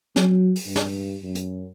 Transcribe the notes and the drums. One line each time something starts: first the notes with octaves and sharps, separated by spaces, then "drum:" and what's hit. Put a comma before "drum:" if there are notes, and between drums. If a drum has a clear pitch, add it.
F#3, drum: snare
drum: open hi-hat
G2
drum: snare
F#2
drum: hi-hat